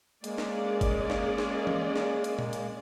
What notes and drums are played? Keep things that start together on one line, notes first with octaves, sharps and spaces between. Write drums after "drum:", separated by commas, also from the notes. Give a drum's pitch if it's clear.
G#3 A#3 C#4 G#4 D5, drum: hi-hat
drum: snare
drum: kick G1, hi-hat
drum: snare
drum: snare
drum: tom E3
drum: snare
drum: hi-hat
drum: tom A#2
drum: hi-hat